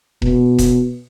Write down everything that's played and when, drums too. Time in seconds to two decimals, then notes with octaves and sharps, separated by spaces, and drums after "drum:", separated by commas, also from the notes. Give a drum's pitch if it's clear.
0.22 B2, drum: kick E1
0.58 drum: kick E1, hi-hat